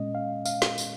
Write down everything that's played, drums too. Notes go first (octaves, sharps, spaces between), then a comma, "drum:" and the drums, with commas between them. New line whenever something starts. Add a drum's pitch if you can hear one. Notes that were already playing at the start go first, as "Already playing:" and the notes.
Already playing: A#2 G#3 C#4 D#5
F5
F5, drum: tambourine
drum: snare
drum: tambourine